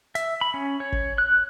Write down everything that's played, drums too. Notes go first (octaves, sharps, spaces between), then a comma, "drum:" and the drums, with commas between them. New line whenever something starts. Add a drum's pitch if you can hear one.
E5, drum: hi-hat
B5
C#4
C#5
drum: kick G1
F#6